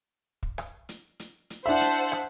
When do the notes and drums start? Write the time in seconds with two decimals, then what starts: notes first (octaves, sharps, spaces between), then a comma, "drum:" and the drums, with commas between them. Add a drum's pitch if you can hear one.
0.43 drum: kick
0.58 drum: rim click
0.89 drum: hi-hat
1.20 drum: hi-hat
1.50 drum: hi-hat
1.66 D4 E4 C5 E5 F#5 A5
1.81 drum: hi-hat
2.12 drum: rim click